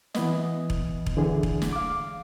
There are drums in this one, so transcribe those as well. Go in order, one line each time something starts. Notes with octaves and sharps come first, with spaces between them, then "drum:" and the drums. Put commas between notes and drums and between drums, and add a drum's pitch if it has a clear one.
E3 B3 D#5, drum: snare
drum: kick E1
drum: kick E1
D3 E3 G#4
drum: kick E1
drum: snare
F5 D6